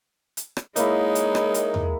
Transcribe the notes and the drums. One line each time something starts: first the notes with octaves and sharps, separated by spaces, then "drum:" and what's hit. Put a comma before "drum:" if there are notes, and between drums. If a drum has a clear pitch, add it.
drum: hi-hat
drum: rim click
G#3 A#3 D#4 E4 C#5, drum: hi-hat
drum: hi-hat
drum: rim click
drum: hi-hat
drum: tom